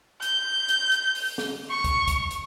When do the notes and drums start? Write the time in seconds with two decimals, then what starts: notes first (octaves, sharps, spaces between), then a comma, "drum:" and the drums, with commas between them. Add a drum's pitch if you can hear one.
0.22 G6, drum: hi-hat
0.69 drum: hi-hat
0.92 drum: hi-hat
1.15 drum: open hi-hat
1.38 drum: snare
1.70 C#6
1.84 drum: kick, hi-hat
2.08 drum: kick, hi-hat
2.31 drum: hi-hat